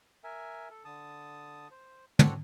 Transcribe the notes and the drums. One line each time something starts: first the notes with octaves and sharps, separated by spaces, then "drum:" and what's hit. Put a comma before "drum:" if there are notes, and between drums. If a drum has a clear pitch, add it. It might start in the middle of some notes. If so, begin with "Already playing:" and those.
A#4 E5 G#5
A4
D3 A5 D#6
C5
C4 D4 F#4 A4 C#5, drum: tom